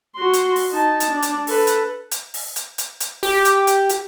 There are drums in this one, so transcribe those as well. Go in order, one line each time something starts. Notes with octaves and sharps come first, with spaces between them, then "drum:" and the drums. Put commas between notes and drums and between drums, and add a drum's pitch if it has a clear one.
F#4 C6
drum: hi-hat
drum: open hi-hat
D#4 A5
drum: hi-hat
D4
drum: hi-hat
A4 B4, drum: open hi-hat
drum: hi-hat
drum: hi-hat
drum: open hi-hat
drum: hi-hat
drum: hi-hat
drum: hi-hat
G4, drum: open hi-hat
drum: hi-hat
drum: hi-hat
drum: hi-hat